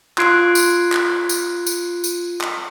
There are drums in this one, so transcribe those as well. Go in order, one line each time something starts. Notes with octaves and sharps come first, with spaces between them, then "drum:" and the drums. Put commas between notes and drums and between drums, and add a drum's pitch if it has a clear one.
F4 C6 F#6 G#6 C7 D7, drum: clap
drum: tambourine
drum: clap
drum: tambourine
drum: tambourine
drum: tambourine
drum: clap